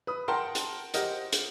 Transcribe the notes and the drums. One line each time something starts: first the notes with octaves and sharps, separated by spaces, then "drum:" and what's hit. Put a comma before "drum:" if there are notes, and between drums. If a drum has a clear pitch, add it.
B4 D#6
A#4 F#5 G5 A5 A#5 C6
drum: hi-hat
G4 A#4 C5 D#5 F#5, drum: hi-hat
drum: hi-hat